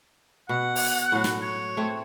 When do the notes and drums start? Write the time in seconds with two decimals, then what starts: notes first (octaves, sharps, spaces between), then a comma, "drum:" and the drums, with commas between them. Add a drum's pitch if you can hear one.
0.49 B2 F#5
0.76 drum: open hi-hat
1.12 A2 F#3
1.24 drum: snare
1.42 C#5
1.77 A3 C4